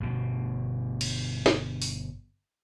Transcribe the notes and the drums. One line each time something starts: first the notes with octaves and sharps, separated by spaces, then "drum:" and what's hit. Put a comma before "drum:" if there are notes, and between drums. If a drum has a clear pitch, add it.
G1 B2
drum: cymbal
drum: snare
drum: open hi-hat